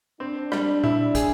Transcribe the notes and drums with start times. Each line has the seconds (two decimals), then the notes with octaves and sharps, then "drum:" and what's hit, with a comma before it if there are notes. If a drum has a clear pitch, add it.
0.20 C4 D4
0.52 G3, drum: rim click
0.84 E4, drum: tom A#2
1.15 G#4, drum: kick, hi-hat